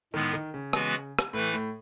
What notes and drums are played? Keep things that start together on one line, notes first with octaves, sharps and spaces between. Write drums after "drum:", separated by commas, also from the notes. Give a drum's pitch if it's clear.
A2 D#3 G#3 B3
D#3
C#3
E3 G#3 B3 F#4 B4, drum: rim click
drum: rim click
A2 E3 A3 E4 B4
A2